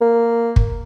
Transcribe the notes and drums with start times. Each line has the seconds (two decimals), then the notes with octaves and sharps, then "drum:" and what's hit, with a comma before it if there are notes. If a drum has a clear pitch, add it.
0.01 A#3
0.56 drum: kick